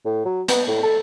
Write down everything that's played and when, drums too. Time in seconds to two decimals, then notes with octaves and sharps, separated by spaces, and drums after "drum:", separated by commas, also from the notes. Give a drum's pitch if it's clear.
0.05 A2
0.25 F#3
0.48 B3, drum: hi-hat
0.67 A2
0.83 A4